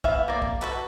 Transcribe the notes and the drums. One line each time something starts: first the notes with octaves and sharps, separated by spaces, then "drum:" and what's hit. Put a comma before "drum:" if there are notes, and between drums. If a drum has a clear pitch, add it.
B3 E5 F5, drum: kick A#1
A#3 D5
drum: kick A#1
F#4 A4 B4, drum: clap